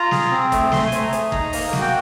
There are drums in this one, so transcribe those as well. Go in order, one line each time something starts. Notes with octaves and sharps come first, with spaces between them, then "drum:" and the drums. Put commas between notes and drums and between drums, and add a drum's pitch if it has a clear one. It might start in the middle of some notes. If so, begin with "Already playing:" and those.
Already playing: F4 A#5
G#4, drum: snare
C4
A3, drum: kick, hi-hat
A3 C6, drum: snare
G#5
A3, drum: hi-hat
A#5
G#4, drum: hi-hat
D#4 A#5, drum: kick
A#3, drum: open hi-hat
F#4, drum: snare
G5